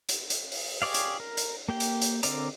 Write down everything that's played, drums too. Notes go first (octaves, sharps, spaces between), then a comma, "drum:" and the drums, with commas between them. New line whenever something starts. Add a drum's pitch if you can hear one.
drum: hi-hat
drum: hi-hat
drum: open hi-hat
G4 G#4 C#5 D5 F5
drum: hi-hat
A#4
drum: hi-hat
A#3 G4 G5
drum: hi-hat
drum: hi-hat
D3 C4 A#4 D5 A#5, drum: hi-hat